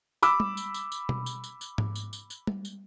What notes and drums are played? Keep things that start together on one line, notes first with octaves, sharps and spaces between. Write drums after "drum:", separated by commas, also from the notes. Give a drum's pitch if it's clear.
B5 D6 E6, drum: tambourine
drum: tom G3
drum: tambourine
drum: tambourine
drum: tambourine
drum: tom B2
drum: tambourine
drum: tambourine
drum: tambourine
drum: tom G#2
drum: tambourine
drum: tambourine
drum: tambourine
drum: tom G3
drum: tambourine